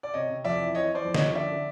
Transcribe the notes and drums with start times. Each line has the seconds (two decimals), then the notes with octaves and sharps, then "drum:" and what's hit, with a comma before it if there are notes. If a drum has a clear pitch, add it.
0.03 D5
0.14 C3 C#5 D#5
0.29 C3
0.44 F2 D5 E5
0.60 E3
0.75 E3 C#5 D#5
0.90 E3 C5 D5
1.04 F2
1.14 C#5 D#5, drum: snare
1.20 F2
1.35 D3 D5 E5
1.51 D3